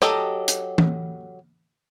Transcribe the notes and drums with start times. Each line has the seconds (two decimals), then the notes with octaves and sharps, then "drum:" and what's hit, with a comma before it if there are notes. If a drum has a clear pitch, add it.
0.02 F#3 G4 A4 D#5, drum: rim click
0.48 drum: hi-hat
0.78 drum: tom E3